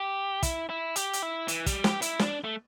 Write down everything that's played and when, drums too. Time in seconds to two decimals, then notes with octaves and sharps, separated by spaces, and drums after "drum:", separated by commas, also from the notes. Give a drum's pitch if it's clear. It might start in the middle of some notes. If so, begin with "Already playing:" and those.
Already playing: G4
0.43 E4, drum: kick, hi-hat
0.69 E4
0.96 G4, drum: hi-hat
1.13 drum: hi-hat
1.22 E4
1.48 E3, drum: hi-hat
1.66 G3, drum: kick, hi-hat
1.84 G4, drum: snare
2.02 E4, drum: hi-hat
2.19 D4, drum: snare
2.44 A3